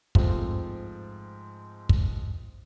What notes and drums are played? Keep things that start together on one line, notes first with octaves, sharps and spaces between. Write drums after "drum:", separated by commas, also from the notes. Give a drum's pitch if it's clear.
G#2 F3 A3 C4 F4 G4, drum: kick
drum: kick